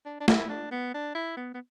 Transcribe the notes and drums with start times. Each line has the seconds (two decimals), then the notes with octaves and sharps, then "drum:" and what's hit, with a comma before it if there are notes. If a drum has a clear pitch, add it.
0.05 D4
0.20 D4
0.28 E4, drum: snare
0.49 D4
0.71 B3
0.94 D4
1.15 E4
1.37 B3
1.54 B3